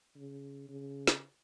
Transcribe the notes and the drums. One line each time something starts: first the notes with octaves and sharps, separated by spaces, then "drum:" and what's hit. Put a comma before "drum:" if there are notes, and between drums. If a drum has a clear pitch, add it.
C#3
C#3
drum: snare